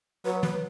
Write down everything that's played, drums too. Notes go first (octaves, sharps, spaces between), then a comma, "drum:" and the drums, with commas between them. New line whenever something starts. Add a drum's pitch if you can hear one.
F#3 B4
B4, drum: tom